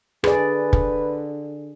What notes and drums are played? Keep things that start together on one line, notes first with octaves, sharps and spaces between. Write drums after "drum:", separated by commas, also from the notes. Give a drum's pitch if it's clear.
D3 G#4 B4 D5, drum: rim click
drum: kick